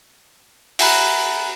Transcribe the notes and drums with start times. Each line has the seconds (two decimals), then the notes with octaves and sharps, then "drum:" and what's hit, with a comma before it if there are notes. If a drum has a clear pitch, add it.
0.79 E5 F#5 G#5 A#5 B5 F#6, drum: open hi-hat